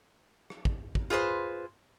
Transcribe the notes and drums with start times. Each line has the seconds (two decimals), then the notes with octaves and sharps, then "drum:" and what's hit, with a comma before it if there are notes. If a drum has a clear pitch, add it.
0.50 drum: rim click
0.65 drum: kick
0.95 drum: kick
1.10 F4 G#4 B4 C5